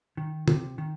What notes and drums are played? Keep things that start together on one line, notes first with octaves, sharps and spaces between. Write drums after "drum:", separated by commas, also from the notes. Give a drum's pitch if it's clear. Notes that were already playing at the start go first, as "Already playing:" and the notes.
D#3
C3, drum: tom
D#3